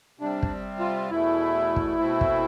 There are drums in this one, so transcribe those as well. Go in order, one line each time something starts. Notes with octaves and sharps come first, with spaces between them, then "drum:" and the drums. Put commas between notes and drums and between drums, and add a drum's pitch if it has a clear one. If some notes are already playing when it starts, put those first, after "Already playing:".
C3 G3 C4 D4
drum: kick
F4
E2 B2 A3 E4
drum: kick
B2 A3 C4
drum: kick